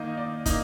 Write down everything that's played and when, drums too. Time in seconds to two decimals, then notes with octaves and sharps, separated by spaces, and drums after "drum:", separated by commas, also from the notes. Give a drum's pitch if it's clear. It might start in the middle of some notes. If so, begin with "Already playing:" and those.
Already playing: D#3 A#3 D#4 D#5
0.17 D5
0.46 A#3 D#4, drum: kick, hi-hat